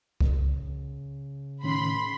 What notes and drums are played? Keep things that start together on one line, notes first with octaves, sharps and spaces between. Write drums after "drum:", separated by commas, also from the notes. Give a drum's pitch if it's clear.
C#3, drum: kick C2
A2 D#3 C#4 B5 C6